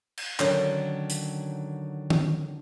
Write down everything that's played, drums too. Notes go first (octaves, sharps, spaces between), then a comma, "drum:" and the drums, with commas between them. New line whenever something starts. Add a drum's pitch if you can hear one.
drum: cymbal
D3 D#3 F#3 C#4, drum: clap
drum: hi-hat
drum: tom D#3